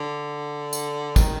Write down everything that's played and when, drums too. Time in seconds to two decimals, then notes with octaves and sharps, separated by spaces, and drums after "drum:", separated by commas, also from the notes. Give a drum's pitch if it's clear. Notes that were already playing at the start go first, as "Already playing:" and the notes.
Already playing: D3
0.73 drum: tambourine
1.16 D#3, drum: kick, tambourine